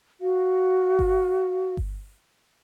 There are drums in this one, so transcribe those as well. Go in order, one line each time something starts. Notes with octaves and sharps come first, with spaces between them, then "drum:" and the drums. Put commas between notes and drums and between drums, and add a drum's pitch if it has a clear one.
F#4 F5
drum: kick G1
drum: kick G1